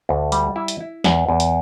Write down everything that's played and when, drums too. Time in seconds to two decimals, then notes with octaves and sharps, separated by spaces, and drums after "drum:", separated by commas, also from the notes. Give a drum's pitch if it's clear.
0.09 D2
0.32 G3, drum: hi-hat
0.56 E4
0.68 drum: hi-hat
0.81 E4
1.04 E2, drum: snare
1.28 E2
1.40 drum: hi-hat